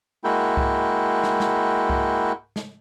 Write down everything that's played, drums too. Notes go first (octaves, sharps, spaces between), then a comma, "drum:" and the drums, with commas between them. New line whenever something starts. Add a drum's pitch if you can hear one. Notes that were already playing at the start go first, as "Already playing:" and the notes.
G#3 A#3 E4 F#4 G5
drum: kick C2
drum: snare
drum: snare
drum: kick C2
drum: snare